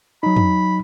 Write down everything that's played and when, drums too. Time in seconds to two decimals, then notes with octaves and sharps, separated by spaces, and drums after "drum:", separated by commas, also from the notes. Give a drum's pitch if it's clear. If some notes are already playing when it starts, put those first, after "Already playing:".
0.23 F#3 D#4 B5
0.36 drum: tom